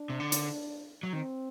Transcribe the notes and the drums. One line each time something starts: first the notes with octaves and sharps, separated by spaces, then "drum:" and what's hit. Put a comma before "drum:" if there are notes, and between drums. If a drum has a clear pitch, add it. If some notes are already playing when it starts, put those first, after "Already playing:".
Already playing: D4
C3
D3
drum: hi-hat
F#3
D#3 C4